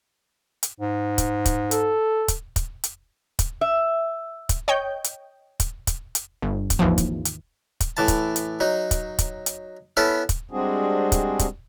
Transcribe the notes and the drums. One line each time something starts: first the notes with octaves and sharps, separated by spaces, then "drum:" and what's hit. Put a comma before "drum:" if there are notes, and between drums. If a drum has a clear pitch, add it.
drum: hi-hat
G#2
drum: kick, hi-hat
drum: kick, hi-hat
A4, drum: hi-hat
drum: kick, hi-hat
drum: kick, hi-hat
drum: hi-hat
drum: kick, hi-hat
E5
drum: kick, hi-hat
C#5 D#5 G5 G6
drum: hi-hat
drum: kick, hi-hat
drum: kick, hi-hat
drum: hi-hat
G1
drum: kick, hi-hat
G#1 D#2 E3 F3
drum: kick, hi-hat
drum: hi-hat
drum: kick, hi-hat
A2 E3 A5
drum: kick, hi-hat
drum: hi-hat
F#3 D#4
drum: kick, hi-hat
drum: kick, hi-hat
drum: hi-hat
B3 C#4 E4 A4
drum: kick, hi-hat
G3 G#3 C4 D4 F#4 G#4
drum: kick, hi-hat
drum: kick, hi-hat